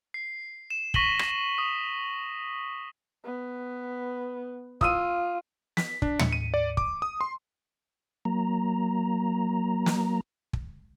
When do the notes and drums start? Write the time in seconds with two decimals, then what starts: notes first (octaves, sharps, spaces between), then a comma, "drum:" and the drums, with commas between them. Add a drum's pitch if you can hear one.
0.14 C7
0.70 E7
0.94 C#6 A#6 B6 D#7 F#7 G7, drum: kick
1.19 drum: rim click
1.58 D#6
3.25 B3
4.81 F4 D#6 E6 D#7, drum: kick
5.77 B6, drum: snare
6.02 D4, drum: kick
6.19 C#7, drum: tom
6.33 D#7
6.54 D5
6.77 D6, drum: kick
7.02 D#6
7.21 C6
8.25 F#3 A#3 A#5
9.86 drum: snare
10.53 drum: kick